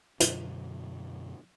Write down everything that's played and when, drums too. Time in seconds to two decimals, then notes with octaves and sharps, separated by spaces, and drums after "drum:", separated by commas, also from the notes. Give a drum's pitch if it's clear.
0.20 F#2 B2 D3 F#3, drum: hi-hat